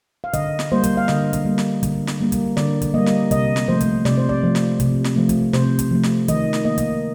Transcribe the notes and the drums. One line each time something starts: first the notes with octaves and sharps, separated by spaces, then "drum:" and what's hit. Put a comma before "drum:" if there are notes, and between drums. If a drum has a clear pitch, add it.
F5
D3 D#5, drum: kick, hi-hat
drum: snare
G3 A#3 C5
drum: kick, hi-hat
F5
D3 D#5, drum: snare
drum: kick, hi-hat
G3 A#3
drum: snare
D3, drum: kick, hi-hat
drum: snare
G3 A#3
drum: kick, hi-hat
D3 D5, drum: snare
drum: kick, hi-hat
G3 A#3 D#5
drum: snare
C3 D#5, drum: kick, hi-hat
drum: snare
F3 A3 C5
drum: kick, hi-hat
C3 D5, drum: snare
C5
D5, drum: kick
F3 A3
drum: snare
C3, drum: kick, hi-hat
drum: snare
F3 A3
drum: kick, hi-hat
C3 C5, drum: snare
drum: kick, hi-hat
F3 A3
drum: snare
D#3 D#5, drum: kick, hi-hat
drum: snare
A#3 D#5
drum: kick, hi-hat